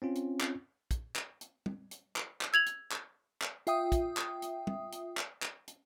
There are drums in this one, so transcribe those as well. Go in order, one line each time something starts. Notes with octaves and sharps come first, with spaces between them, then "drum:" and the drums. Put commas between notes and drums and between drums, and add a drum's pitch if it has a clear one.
C4 C#4 F4
drum: hi-hat
drum: clap
drum: kick, hi-hat
drum: clap
drum: hi-hat
drum: tom
drum: hi-hat
drum: clap
drum: clap
E6 G#6 F7 F#7
drum: hi-hat
drum: clap
drum: clap
F4 E5 G5 D#6, drum: hi-hat
drum: kick, hi-hat
drum: clap
drum: hi-hat
drum: tom
drum: hi-hat
drum: clap
drum: clap
drum: hi-hat